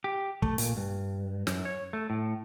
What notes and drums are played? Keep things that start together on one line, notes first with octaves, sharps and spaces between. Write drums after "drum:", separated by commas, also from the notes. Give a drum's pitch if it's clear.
G4
A3, drum: kick
A#2, drum: hi-hat
G2
F#2, drum: snare
C#5
A3
A2